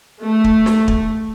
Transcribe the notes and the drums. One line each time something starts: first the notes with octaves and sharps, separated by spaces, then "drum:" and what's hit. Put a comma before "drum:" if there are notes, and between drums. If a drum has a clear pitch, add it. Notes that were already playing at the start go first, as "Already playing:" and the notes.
A3
drum: kick
drum: snare
drum: kick